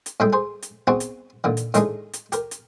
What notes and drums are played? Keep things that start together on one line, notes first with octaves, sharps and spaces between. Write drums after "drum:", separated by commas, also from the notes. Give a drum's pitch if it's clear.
drum: hi-hat
A2 G3 G#3 A4 G5 D#6
G#4 C5
drum: hi-hat
B3 C4 D#4 F#4 G#4
drum: hi-hat
A#2 D3 D#3
drum: hi-hat
A2 D#3 G#3 D4 D#4 G#4, drum: hi-hat
drum: hi-hat
G4 A#4, drum: hi-hat
drum: hi-hat